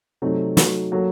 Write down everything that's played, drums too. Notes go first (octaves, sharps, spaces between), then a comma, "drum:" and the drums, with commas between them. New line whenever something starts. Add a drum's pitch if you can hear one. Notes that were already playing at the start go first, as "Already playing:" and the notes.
C3 F#3 A3 C4 D#4
F#3 A3 D#4 F#4, drum: snare
F#3 A#3 F#4 A4